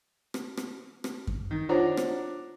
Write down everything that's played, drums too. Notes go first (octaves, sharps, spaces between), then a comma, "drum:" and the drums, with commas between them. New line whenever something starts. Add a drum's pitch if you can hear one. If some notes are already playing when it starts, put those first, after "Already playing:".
drum: rim click
drum: rim click
drum: rim click
drum: kick F#2
D#3
D4 F4 C5 C#5 F#5 A#5
drum: rim click